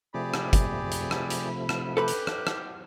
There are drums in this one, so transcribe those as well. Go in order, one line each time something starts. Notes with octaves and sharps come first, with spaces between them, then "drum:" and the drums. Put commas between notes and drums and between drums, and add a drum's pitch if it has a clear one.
C3 F3 A3 G4 G#4 D5 B5
drum: rim click
drum: kick G1, hi-hat
drum: hi-hat
drum: rim click
drum: hi-hat
drum: rim click
G4 A4 B4 B5 F#6
drum: hi-hat
drum: rim click
drum: rim click